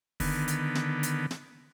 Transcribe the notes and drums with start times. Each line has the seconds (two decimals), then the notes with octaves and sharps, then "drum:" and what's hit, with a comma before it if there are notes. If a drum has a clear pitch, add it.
0.20 D3 D#3 B3, drum: kick, open hi-hat
0.48 drum: hi-hat
0.75 drum: snare
1.03 drum: hi-hat
1.31 drum: snare